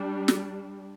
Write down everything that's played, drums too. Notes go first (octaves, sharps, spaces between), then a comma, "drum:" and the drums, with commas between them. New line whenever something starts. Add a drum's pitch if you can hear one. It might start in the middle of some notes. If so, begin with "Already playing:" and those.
Already playing: G3 D4
drum: snare